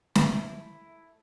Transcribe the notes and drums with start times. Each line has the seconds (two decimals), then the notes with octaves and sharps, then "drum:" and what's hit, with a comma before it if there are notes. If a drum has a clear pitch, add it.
0.15 A3 E4, drum: snare